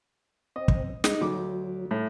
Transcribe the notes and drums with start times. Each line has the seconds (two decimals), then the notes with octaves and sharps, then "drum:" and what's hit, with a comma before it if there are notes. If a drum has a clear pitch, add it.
0.56 C4 D#5
0.68 drum: kick
1.04 G#3 D#4, drum: snare
1.21 D2 F#3 D6
1.91 A2